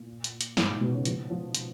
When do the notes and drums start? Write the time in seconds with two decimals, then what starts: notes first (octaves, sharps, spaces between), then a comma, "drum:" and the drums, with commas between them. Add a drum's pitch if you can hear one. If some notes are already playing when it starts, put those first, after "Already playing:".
Already playing: A#2
0.24 drum: hi-hat
0.41 drum: hi-hat
0.57 G#2, drum: snare
0.69 A#2
0.81 B2
0.94 C#3
1.05 F3, drum: hi-hat
1.30 F3
1.55 drum: hi-hat